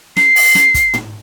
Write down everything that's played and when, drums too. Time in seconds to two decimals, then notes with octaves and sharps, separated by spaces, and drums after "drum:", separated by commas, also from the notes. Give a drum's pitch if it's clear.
0.17 C7, drum: snare
0.36 drum: open hi-hat
0.55 drum: snare
0.74 drum: kick, hi-hat
0.94 drum: tom